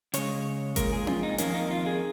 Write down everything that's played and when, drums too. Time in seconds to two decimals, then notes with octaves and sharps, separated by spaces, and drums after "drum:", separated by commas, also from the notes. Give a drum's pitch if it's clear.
0.14 C#3 G#3 C#5, drum: hi-hat
0.76 A#2 G#3 A#4, drum: kick G1, hi-hat
0.93 G#4
1.07 F4, drum: tom C4
1.23 D#4
1.38 F2 D#3 A#3 C#4, drum: hi-hat
1.54 D#4
1.71 F4
1.86 G#4